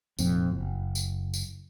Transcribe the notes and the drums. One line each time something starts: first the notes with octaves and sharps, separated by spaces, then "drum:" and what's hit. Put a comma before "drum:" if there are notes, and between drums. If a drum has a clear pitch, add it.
F1 F2 A#2 C4, drum: tambourine
F#1
drum: tambourine
drum: tambourine